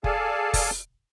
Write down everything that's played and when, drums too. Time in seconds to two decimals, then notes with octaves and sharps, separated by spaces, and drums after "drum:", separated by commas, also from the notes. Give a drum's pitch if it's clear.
0.04 G#4 A4 D5 F5 G#5 A5, drum: kick F1
0.54 drum: kick F1, open hi-hat